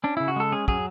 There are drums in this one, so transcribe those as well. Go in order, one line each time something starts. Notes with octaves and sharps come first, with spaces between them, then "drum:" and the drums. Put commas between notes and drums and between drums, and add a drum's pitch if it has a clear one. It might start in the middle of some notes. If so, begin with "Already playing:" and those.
C#4 D4
C#3 E4
F#4
G#3 A4
C#4 G#4
F#3 G#4, drum: kick